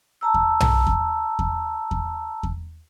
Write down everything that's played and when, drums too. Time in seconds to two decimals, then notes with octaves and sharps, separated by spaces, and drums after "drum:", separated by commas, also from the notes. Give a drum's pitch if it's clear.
0.21 A5 A#5 E6
0.34 drum: kick E2
0.60 drum: tom B1
0.87 drum: kick E2
1.39 drum: kick E2
1.91 drum: kick E2
2.43 drum: kick E2